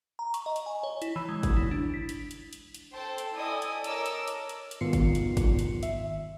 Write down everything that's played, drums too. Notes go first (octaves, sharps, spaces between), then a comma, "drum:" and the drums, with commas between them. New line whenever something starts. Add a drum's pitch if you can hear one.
A#5
C#6, drum: hi-hat
D#5
drum: hi-hat
G#5
C#5
E4, drum: hi-hat
E3
G#3
drum: kick, hi-hat
E4
D4
B6
drum: hi-hat
drum: hi-hat
drum: hi-hat
drum: hi-hat
A4 C5 G5 A5 C6
drum: hi-hat
E4 A4 D5 D#5 G#5 D#6
drum: hi-hat
A4 A#4 C#5 D#5 D6 E6, drum: hi-hat
drum: hi-hat
drum: hi-hat
drum: hi-hat
drum: hi-hat
G#2 D#3 B3 F4 C7 C#7
drum: kick, hi-hat
drum: hi-hat
drum: kick, hi-hat
drum: hi-hat
E5, drum: hi-hat